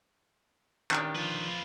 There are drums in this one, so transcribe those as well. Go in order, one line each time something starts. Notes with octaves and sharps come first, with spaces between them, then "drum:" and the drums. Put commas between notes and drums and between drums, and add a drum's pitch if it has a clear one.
D#3 C#4 D4 G4, drum: clap
F3 F4 B4